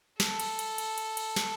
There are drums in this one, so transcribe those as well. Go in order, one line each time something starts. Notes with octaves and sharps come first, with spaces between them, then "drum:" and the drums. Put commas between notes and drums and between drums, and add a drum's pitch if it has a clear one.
A4, drum: snare
drum: cymbal
drum: cymbal
drum: cymbal
drum: cymbal
drum: cymbal
drum: snare